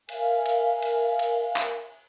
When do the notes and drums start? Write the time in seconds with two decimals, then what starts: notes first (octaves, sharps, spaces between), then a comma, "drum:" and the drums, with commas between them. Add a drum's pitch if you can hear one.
0.09 A#4 E5 F5 G#5, drum: cymbal
0.46 drum: cymbal
0.82 drum: cymbal
1.19 drum: cymbal
1.56 drum: clap